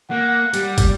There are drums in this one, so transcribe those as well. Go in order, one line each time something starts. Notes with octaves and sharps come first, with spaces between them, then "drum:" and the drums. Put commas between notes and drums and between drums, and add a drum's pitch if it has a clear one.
A#3 F#5
G3, drum: hi-hat
drum: kick, hi-hat